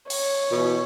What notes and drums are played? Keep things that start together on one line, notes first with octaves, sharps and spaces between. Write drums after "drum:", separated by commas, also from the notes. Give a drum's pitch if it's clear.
C#5, drum: open hi-hat
B2 E3